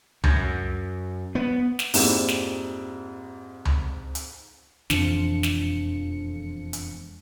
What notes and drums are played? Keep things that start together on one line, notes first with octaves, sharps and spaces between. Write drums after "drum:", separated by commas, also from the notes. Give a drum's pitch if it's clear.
F#2, drum: tom C#2
B3
drum: snare
F2 G#2 G3 A#3 E4, drum: open hi-hat
drum: snare
drum: tom C#2
drum: hi-hat
E1 F2 E3 D4 C#7, drum: snare
drum: snare
drum: hi-hat